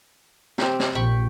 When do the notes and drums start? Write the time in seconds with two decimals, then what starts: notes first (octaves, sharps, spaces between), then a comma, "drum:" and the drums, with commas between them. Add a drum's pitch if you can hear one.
0.58 C4 G4, drum: snare
0.80 drum: snare
0.95 A#1 G5 B5 C#6